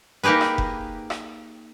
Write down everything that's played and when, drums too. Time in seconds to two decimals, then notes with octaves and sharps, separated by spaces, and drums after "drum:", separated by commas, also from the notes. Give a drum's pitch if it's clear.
0.23 A#3 D#4 G4 G#4 B4
0.41 drum: rim click
0.58 drum: kick F1
1.10 drum: rim click